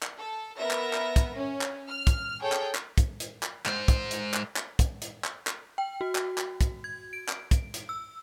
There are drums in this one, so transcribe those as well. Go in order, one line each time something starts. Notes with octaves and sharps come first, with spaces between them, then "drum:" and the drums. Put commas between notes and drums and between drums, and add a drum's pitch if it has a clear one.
drum: clap
A4
B3 A#4 E5 A#6
drum: clap
drum: clap
drum: kick, hi-hat
C#4
drum: clap
F6
drum: kick, hi-hat
G#4 A4 C#5 G5
drum: clap
drum: clap
drum: kick, hi-hat
drum: hi-hat
drum: clap
G#2 C5, drum: clap
drum: kick, hi-hat
drum: hi-hat
drum: clap
drum: clap
drum: kick, hi-hat
drum: hi-hat
drum: clap
drum: clap
G5
F#4
drum: clap
drum: clap
drum: kick, hi-hat
G#6
D7
drum: clap
drum: kick, hi-hat
drum: hi-hat
E6